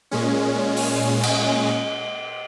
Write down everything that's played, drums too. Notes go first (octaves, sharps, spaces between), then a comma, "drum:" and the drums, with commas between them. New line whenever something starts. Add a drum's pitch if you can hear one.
A#2 G#3 C#4
drum: open hi-hat
drum: cymbal